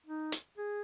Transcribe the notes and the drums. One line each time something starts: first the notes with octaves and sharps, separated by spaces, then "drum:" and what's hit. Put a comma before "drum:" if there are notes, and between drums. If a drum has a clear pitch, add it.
D#4
drum: hi-hat
G#4